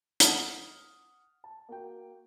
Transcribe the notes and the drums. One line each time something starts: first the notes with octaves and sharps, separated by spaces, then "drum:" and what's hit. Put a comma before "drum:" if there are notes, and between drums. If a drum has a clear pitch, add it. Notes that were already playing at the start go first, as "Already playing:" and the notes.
F#5 D#6 F6, drum: hi-hat
A5
A#3 F#4 G5